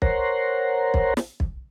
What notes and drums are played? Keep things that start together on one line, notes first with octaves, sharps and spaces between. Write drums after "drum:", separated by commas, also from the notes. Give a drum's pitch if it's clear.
A#4 C5 C#5 F#5 A#5 C6, drum: kick
drum: kick
drum: snare
drum: kick